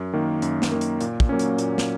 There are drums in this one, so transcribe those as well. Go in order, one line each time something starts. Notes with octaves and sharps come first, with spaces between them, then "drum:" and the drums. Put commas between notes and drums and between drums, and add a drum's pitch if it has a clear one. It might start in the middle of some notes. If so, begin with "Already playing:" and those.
Already playing: F#2
D#3 A#3
F#2, drum: hi-hat
drum: snare
D#3 A#3
drum: hi-hat
A#2, drum: hi-hat
drum: kick
F#3 A#3 C#4
drum: hi-hat
A#2, drum: hi-hat
drum: snare